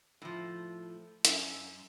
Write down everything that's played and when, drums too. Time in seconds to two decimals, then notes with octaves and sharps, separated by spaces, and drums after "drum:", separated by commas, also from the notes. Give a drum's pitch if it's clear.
0.22 A2 F3
1.25 F#2, drum: hi-hat